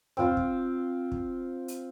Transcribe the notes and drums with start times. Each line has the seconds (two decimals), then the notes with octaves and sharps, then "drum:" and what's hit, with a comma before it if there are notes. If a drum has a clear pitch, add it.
0.17 C4 F4 C5, drum: tom
0.37 drum: kick
1.12 drum: kick
1.68 drum: hi-hat